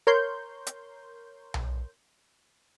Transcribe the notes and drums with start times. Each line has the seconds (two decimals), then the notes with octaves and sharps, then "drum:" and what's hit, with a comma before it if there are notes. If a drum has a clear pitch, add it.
0.07 A#4 C#5 C6 G6
0.67 drum: hi-hat
1.54 drum: tom B1